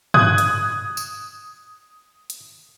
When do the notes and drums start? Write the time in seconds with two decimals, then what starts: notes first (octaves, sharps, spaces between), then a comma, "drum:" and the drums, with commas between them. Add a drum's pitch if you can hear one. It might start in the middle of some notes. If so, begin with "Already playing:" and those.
0.14 D#6 F#6 G#6, drum: tom
0.38 drum: hi-hat
0.97 drum: tambourine
2.30 drum: hi-hat